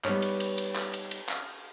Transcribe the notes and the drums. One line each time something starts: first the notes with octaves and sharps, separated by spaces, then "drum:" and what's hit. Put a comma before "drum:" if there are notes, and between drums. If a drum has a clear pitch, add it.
G3 B3 D#4 B4 C#5, drum: clap
drum: cymbal
drum: cymbal
drum: cymbal
drum: clap
drum: cymbal
drum: cymbal
drum: clap